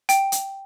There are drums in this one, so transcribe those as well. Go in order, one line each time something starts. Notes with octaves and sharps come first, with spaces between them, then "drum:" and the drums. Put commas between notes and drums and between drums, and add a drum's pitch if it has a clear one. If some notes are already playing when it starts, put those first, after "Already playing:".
G5, drum: hi-hat
drum: hi-hat